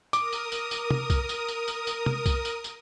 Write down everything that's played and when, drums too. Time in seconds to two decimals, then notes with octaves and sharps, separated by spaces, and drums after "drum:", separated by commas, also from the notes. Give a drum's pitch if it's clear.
0.13 A#4 D6 D#6, drum: tambourine
0.33 drum: tambourine
0.52 drum: tambourine
0.71 drum: tambourine
0.90 drum: tom
1.10 drum: kick C2, tambourine
1.29 drum: tambourine
1.48 drum: tambourine
1.68 drum: tambourine
1.87 drum: tambourine
2.06 drum: tom
2.26 drum: kick C2, tambourine
2.45 drum: tambourine
2.64 drum: tambourine